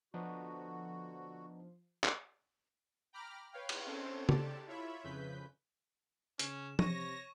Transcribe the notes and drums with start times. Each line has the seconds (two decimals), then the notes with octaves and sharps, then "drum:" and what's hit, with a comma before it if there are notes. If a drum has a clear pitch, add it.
0.14 D3 F3 B3 D4 D#4 F#4
2.04 drum: clap
3.13 G5 A#5 B5 D6 F6
3.53 B4 C#5 F5 G5
3.69 drum: cymbal
3.87 C4 C#4 A4 C5 C#5
4.29 G4 A4 D5 A5, drum: tom
4.67 E4 F4 C#5 E5 B5
5.04 F2 C#3 B4 G6 B6
6.39 C#3 C#4 E7, drum: hi-hat
6.79 C3 C#5 C#6 A#6 D#7, drum: tom F3